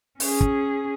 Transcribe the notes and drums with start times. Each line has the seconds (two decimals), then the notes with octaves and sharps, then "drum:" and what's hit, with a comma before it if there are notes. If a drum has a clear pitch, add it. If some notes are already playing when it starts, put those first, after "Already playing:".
0.20 C#4 G#4, drum: open hi-hat
0.41 drum: kick